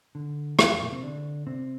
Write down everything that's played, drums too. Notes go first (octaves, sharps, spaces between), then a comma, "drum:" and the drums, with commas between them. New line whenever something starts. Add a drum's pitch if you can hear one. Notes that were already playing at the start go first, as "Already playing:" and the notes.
D3
F2 F3, drum: rim click
F2 F3
A#2 A#3
C3 C4
D3 D4
C3 C4